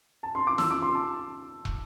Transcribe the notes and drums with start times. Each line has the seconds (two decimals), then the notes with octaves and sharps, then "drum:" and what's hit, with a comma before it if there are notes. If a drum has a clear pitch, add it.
0.23 A5
0.35 C6
0.47 D6
0.58 E6, drum: snare
0.71 D6
0.82 C6
0.95 A5
1.65 drum: kick